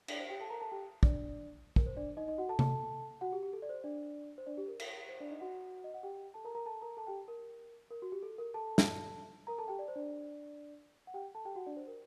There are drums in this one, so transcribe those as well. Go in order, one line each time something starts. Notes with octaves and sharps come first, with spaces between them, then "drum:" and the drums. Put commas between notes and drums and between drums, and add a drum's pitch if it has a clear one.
D4 D5, drum: cymbal
C5
G4 G5
A4 A5
A#4 A#5
A4 A5
G4 G5
D4 D5, drum: kick
A#4, drum: kick
C5
D4 D5
D#4 D#5
D#4 D#5
F#4 F#5
A4 A5
A4 A5, drum: tom C3
F#4 F#5
G4
G4
A4
D5
C5
D4 D5
C5
D4 D5
G4
A#4
drum: cymbal
C5
D4 D5
D#4 D#5
F#4 F#5
D#5
F#5
G4 G5
A4 A5
A#4 A#5
A#4 A#5
A4 A5
A#4 A#5
A4 A5
G4 G5
A#4
A#4
F#4
G4
A4
A#4
A4 A5
drum: snare
A#4 A#5
A4 A5
G4 G5
D5
C5
D4 D5
F#5
G4 G5
A4 A5
G4 G5
F#4 F#5
D4 D5
C5
A#4